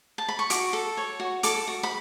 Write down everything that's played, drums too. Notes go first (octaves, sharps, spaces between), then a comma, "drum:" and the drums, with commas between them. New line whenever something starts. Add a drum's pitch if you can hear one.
A5
B5
C#6
F#4 D6, drum: hi-hat
A4
C#5
F#4
A4 D6, drum: hi-hat
F#4
B5